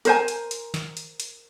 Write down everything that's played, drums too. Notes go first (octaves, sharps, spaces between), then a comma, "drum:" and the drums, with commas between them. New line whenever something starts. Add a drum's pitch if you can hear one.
A#4 C5 G#5, drum: hi-hat
drum: hi-hat
drum: hi-hat
drum: snare
drum: hi-hat
drum: hi-hat